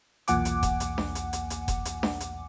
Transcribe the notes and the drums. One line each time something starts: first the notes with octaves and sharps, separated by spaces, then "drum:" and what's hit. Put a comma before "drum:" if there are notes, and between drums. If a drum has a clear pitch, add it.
B1 E2 A#2 F#5 G#5 D6, drum: hi-hat
drum: hi-hat
drum: kick F1, hi-hat
drum: hi-hat
drum: snare D4
drum: hi-hat
drum: hi-hat
drum: hi-hat
drum: kick F1, hi-hat
drum: hi-hat
drum: snare D4
drum: hi-hat